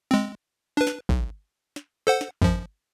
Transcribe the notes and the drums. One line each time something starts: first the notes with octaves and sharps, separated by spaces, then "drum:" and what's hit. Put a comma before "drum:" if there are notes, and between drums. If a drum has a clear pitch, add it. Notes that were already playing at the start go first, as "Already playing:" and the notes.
G#3 C4
D4 B4
drum: snare
B1, drum: kick
drum: snare
A4 C5 F#5
drum: snare
F#2 F3, drum: kick